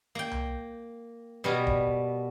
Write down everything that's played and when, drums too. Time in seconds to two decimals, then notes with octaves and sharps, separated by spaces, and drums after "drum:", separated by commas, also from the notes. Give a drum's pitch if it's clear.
0.15 A#3 G5
0.31 drum: tom C2
1.44 B2 G3 B3 A#4 G#5
1.67 drum: kick D#1